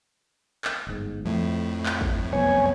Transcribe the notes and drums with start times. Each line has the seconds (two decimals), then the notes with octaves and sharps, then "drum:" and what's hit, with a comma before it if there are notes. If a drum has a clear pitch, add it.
0.65 drum: clap
0.87 G1 G#2
1.25 F2 A2 F3 A3
1.86 drum: clap
2.01 drum: kick
2.33 C2 F#2 B3 C#5 G#5